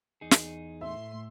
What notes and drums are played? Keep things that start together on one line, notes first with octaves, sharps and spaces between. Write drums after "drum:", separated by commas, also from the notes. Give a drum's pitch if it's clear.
E2 D#4 G#4
drum: snare
A2 E5 C6